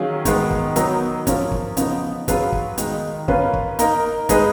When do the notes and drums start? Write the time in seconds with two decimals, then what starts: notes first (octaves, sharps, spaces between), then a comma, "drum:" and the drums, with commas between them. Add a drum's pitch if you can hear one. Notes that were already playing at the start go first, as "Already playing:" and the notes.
Already playing: D#3 F#3 C#4 F4 G#4
0.25 D#3 G#3 B3, drum: kick, hi-hat
0.51 drum: kick
0.76 F#3 B3 D#4 A#4, drum: hi-hat
1.27 F3 A#3 C#4, drum: kick, hi-hat
1.52 drum: kick
1.77 C#3 F3 B3 D#4, drum: hi-hat
2.28 F#3 C#4 F4 G#4 B4, drum: kick, hi-hat
2.52 drum: kick
2.78 D#3 G#3 D#4, drum: hi-hat
3.28 A#3 C#4 F4 B4, drum: kick
3.53 drum: kick
3.79 A#3 D#4 A#4, drum: hi-hat
4.29 G#3 D#4 G#4 B4, drum: kick, hi-hat